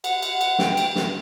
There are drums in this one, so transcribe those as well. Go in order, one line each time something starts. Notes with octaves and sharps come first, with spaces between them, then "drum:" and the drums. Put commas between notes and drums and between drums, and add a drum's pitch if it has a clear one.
F#5, drum: cymbal
drum: cymbal
drum: cymbal
G5, drum: snare
drum: cymbal
drum: snare